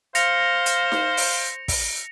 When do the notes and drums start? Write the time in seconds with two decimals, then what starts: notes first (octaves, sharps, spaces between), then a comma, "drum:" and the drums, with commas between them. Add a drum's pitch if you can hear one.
0.15 C5 F5 A#6 C#7 F7, drum: hi-hat
0.66 drum: hi-hat
0.92 drum: snare D#4
1.17 drum: open hi-hat
1.68 drum: kick, open hi-hat